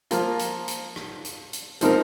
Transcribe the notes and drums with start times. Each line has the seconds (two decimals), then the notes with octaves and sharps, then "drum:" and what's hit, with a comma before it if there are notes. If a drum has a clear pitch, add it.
0.11 F3 A#3 F4 A#4, drum: hi-hat
0.39 drum: hi-hat
0.68 drum: hi-hat
0.96 drum: rim click
1.25 drum: hi-hat
1.53 drum: hi-hat
1.81 F3 C4 D#4 A#4, drum: hi-hat